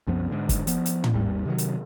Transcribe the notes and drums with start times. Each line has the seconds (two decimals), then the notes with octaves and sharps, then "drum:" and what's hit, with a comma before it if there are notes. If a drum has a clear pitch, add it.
0.07 C2 F#2 F3 B3
0.31 G#2 D3
0.49 drum: kick, hi-hat
0.67 F3 B3, drum: hi-hat
0.86 drum: hi-hat
1.04 drum: tom
1.13 G#1 D#2 G3
1.45 C3 D#3 F#3
1.58 drum: hi-hat